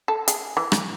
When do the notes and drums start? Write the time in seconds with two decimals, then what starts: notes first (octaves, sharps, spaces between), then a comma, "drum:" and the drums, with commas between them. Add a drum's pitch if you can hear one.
0.08 A4
0.28 G#4, drum: hi-hat
0.57 E3
0.72 drum: rim click